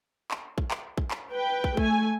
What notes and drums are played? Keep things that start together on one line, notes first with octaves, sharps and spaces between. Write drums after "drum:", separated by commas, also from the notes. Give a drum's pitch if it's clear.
drum: clap
drum: kick
drum: clap
drum: kick
drum: clap
B4 G5
drum: kick
A3 G#5, drum: kick